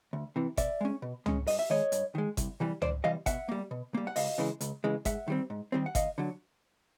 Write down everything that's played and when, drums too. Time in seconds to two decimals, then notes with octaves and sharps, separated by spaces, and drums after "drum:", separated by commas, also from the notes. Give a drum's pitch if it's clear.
0.13 D2
0.36 C3 E3
0.57 B2 D5 E5, drum: kick G1, hi-hat
0.81 G#3 C#4
1.02 B2
1.26 G#3 C#4, drum: tom
1.47 G2 D#5, drum: open hi-hat
1.59 E5
1.70 D#3 G#3 C#5 D#5
1.92 G2, drum: hi-hat
2.15 D#3 G#3
2.37 C2, drum: kick G1, hi-hat
2.60 C3 E3 G3
2.82 C2 C5 D5, drum: tom
3.04 C3 E3 G3 D#5 F5
3.26 B2 E5 F#5, drum: kick G1, hi-hat
3.49 G3 A#3
3.71 B2
3.94 G3 A#3
4.07 F#5
4.16 C#2 D#5 F5, drum: open hi-hat
4.38 C#3 E3 G#3
4.61 C#2, drum: hi-hat
4.84 C#3 E3 G#3
5.05 G#2 E5 F#5, drum: kick G1, hi-hat
5.28 D#3 G3 C4
5.50 G#2
5.72 D#3 G3 C4
5.86 F#5
5.95 D2 D#5 F5, drum: kick G1, hi-hat
6.18 D3 F#3